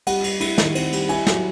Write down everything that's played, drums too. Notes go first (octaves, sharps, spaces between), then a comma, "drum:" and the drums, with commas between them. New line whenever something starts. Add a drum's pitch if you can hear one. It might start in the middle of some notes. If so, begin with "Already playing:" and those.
G3 F#5, drum: cymbal
G3, drum: cymbal
E4, drum: cymbal
D#3, drum: snare
C4, drum: cymbal
G3, drum: cymbal
E4 G#5, drum: cymbal
F#3, drum: snare